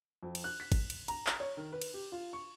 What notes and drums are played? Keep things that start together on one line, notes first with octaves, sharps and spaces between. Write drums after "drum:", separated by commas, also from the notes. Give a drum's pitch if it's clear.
F2
drum: cymbal
F#6
B6
drum: kick G#1, cymbal
drum: cymbal
A#5, drum: cymbal
drum: clap
C#5
D#3
B4
drum: cymbal
G4
F4
C#6